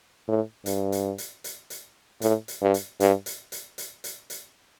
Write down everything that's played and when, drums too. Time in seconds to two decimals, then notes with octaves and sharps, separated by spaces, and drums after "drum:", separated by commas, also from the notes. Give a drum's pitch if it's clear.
0.28 A2
0.66 G2, drum: hi-hat
0.92 drum: hi-hat
1.18 drum: hi-hat
1.44 drum: hi-hat
1.70 drum: hi-hat
2.22 A2, drum: hi-hat
2.48 drum: hi-hat
2.62 G2
2.74 drum: hi-hat
3.00 G2, drum: hi-hat
3.26 drum: hi-hat
3.52 drum: hi-hat
3.78 drum: hi-hat
4.04 drum: hi-hat
4.30 drum: hi-hat